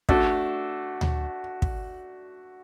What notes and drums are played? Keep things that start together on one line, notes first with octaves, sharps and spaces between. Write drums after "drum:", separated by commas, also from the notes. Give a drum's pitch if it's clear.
A3 D4 F#4 A4 D5, drum: kick
drum: tom D2
drum: kick